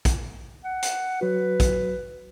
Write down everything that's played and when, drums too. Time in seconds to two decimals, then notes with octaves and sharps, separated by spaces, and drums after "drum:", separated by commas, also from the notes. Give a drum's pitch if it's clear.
0.05 drum: kick, hi-hat
0.64 F#5
0.82 drum: hi-hat
1.21 F#3 F#4 B4
1.60 drum: kick, hi-hat